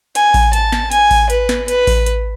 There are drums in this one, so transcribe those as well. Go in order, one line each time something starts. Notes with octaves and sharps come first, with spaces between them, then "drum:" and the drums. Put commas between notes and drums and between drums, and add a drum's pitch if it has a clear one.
G#5, drum: hi-hat
drum: kick A1, open hi-hat
A5, drum: hi-hat
drum: snare
G#5, drum: hi-hat
drum: kick A1, open hi-hat
B4, drum: hi-hat
drum: snare
B4, drum: hi-hat
drum: kick A1, open hi-hat
drum: hi-hat